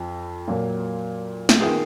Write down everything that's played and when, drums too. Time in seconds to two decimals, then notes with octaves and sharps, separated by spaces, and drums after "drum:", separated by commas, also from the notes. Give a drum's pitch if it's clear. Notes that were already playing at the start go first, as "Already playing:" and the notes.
Already playing: F2 F3
0.48 A#2 F#3 A#3
1.49 drum: snare
1.60 D#3 A#3 F4 G#4 B4